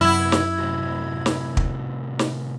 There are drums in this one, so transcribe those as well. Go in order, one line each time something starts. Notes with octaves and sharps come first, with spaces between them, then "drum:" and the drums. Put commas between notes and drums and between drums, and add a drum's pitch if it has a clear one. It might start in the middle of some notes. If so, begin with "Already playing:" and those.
F#2 C3 B3 E4 F#5 B5 G#6
drum: snare
A2 C3 F#4
drum: snare
drum: kick
drum: snare